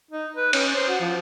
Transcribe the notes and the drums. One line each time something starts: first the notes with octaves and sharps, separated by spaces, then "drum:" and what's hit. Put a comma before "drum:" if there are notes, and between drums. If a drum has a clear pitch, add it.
D#4
B4
C#4, drum: cymbal
C5
F#4
F3